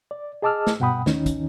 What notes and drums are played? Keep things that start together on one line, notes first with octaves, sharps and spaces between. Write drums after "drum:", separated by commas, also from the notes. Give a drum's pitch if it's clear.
D5
G#4 D#5 A5 D6 E6 F6
drum: snare
G2 B2 F#5 G5 B5 D#6
D#2 D#3 C#4 D#4, drum: snare
drum: kick, hi-hat